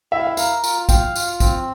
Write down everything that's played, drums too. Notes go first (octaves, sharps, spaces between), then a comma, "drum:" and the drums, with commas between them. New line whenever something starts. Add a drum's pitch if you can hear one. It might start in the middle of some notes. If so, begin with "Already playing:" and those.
E4 E5
F5
E5
A#4 F5, drum: tambourine
F4, drum: tambourine
F5 G5, drum: kick, tambourine
F4, drum: tambourine
C4, drum: kick, tambourine